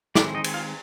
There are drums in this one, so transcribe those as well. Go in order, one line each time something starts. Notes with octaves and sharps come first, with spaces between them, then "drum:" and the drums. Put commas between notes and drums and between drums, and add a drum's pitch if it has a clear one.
D#3 G#3 C4 D4 D5, drum: snare
D#4 D#5
drum: cymbal
F4 F5